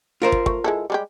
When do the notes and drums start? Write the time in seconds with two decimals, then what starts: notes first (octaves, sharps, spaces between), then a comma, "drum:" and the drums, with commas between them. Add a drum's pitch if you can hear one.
0.22 F4 A#4 C5
0.32 drum: kick
0.46 A3, drum: kick
0.64 G#3 E4 A4
0.90 G3 G#3 G4